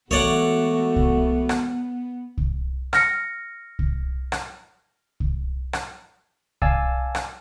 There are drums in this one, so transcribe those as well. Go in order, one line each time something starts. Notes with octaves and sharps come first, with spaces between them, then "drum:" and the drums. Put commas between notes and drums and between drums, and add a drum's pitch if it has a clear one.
E3 G#3 A3 B3 F#4 C#5 D5 F#5
drum: kick C2
drum: rim click
drum: kick C2
F6 A#6 C#7, drum: rim click
drum: kick C2
drum: rim click
drum: kick C2
drum: rim click
D5 F5 G#5 A5 E6, drum: kick C2
drum: rim click